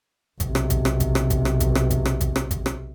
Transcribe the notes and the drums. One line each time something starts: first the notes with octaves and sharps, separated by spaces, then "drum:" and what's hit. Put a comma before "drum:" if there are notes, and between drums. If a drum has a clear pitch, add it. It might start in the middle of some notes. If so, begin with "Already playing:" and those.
B1 C3, drum: kick G#1, hi-hat
drum: rim click
drum: kick G#1, hi-hat
drum: rim click
drum: kick G#1, hi-hat
drum: rim click
drum: kick G#1, hi-hat
drum: rim click
drum: kick G#1, hi-hat
drum: rim click
drum: kick G#1, hi-hat
drum: rim click
drum: kick G#1, hi-hat
drum: rim click
drum: kick G#1, hi-hat
drum: rim click